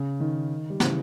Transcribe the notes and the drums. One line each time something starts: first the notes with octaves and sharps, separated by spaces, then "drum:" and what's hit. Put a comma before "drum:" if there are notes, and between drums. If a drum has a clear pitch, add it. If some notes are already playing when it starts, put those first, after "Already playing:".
Already playing: C#3
D#3
G3
C#3 E3, drum: snare